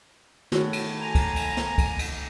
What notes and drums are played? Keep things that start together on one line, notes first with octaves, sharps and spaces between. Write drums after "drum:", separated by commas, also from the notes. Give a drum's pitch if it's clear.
A2 D#3 A3 F#4 G#4 C#5, drum: snare
drum: cymbal
G#5 A#5
drum: kick, cymbal
drum: cymbal
drum: snare
drum: kick, cymbal
drum: cymbal